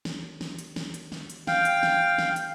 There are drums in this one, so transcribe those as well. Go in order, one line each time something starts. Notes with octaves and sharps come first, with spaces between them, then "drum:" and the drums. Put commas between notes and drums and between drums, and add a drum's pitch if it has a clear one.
drum: snare
drum: snare
drum: hi-hat
drum: snare
drum: hi-hat
drum: snare
drum: hi-hat
F5 G5, drum: snare
drum: hi-hat
drum: snare
drum: snare
drum: hi-hat